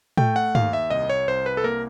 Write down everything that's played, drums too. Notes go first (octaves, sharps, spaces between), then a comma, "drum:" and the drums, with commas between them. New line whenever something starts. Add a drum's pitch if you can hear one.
A3 G5, drum: tom A2
F#5
D#2 F5, drum: tom
E5
C2 D#5
C#5
C2 C5
B4
A4
A#3 A#4